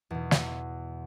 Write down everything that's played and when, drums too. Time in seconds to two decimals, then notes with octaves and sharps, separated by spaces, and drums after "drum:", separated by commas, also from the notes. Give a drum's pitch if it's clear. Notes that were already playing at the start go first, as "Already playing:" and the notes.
0.11 E2 B2
0.31 drum: snare